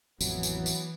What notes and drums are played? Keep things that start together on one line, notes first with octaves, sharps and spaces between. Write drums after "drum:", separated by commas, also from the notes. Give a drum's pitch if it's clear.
A1 F2 E3 F#3 B3, drum: tambourine
drum: tambourine
drum: tambourine